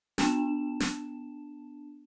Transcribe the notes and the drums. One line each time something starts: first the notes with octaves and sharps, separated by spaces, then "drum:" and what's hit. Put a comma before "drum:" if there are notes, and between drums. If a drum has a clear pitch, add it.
B3 D4 A5 E7, drum: snare
drum: snare